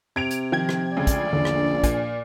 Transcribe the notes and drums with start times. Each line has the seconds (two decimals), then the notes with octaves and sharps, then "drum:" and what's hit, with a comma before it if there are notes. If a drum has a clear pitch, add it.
0.16 C3 G#6 D7 F7
0.31 drum: hi-hat
0.52 D#3 F3 G5 G#6
0.69 drum: rim click
0.97 D2 C#3 G#3 D5
1.07 drum: kick, hi-hat
1.33 A#1 E2 D3
1.45 drum: rim click
1.83 A#2 G#5, drum: kick, hi-hat